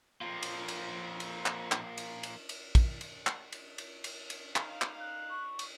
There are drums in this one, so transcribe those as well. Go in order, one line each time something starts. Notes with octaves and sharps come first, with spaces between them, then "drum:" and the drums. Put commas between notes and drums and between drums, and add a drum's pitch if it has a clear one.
F3 A#3 C4 F4
drum: cymbal
drum: cymbal
drum: cymbal
drum: clap
drum: clap
drum: cymbal
drum: cymbal
drum: cymbal
drum: kick, cymbal
drum: cymbal
drum: clap
drum: cymbal
drum: cymbal
drum: cymbal
drum: cymbal
D#4 F5, drum: clap
drum: clap
F#6
C#6
drum: cymbal